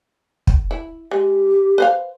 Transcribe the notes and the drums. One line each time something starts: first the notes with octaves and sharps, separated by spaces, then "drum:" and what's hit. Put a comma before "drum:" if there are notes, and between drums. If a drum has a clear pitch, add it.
drum: kick
E4
G#3 G4
B4 C5 F5